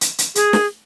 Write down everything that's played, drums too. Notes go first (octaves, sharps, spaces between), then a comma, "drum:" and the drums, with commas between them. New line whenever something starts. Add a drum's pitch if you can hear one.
drum: hi-hat
drum: hi-hat
G#4, drum: hi-hat
drum: snare